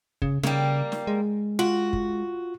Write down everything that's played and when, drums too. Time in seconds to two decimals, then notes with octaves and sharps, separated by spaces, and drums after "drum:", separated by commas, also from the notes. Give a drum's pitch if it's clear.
0.22 C#3, drum: kick
0.43 C#3 G3 A#3, drum: snare
0.92 drum: snare
1.07 G#3
1.59 F4 F#4
1.93 drum: kick